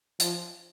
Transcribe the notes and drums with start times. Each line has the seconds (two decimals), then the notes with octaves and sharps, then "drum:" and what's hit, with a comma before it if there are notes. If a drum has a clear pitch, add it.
0.20 F3, drum: hi-hat